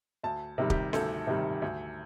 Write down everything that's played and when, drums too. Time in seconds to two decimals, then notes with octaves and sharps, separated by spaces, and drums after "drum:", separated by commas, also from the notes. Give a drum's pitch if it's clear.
0.23 D2 A5
0.58 C3 D#3 G3
0.70 G4, drum: kick
0.93 D2 A4, drum: snare C#4
1.27 C3 D#3 G3
1.62 D2